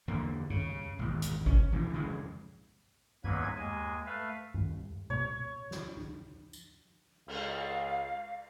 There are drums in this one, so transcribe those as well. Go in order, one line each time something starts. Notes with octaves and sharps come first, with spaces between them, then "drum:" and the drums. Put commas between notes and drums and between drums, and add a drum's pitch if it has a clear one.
E2 D3 A#3
C#3, drum: tom F#2
G#1 E2, drum: tom B2
drum: hi-hat
C#4, drum: kick G#1
D2 E3, drum: tom B2
F2 C#3 E3 G#3
E2 G#2 F#3 A#3 B4 G#6, drum: tom F#2
D#2 G#3 G#5
A3 B4 E5 F5
drum: tom F#2
C#5, drum: tom B2
drum: snare
drum: tom
drum: tambourine
C#2 F5, drum: cymbal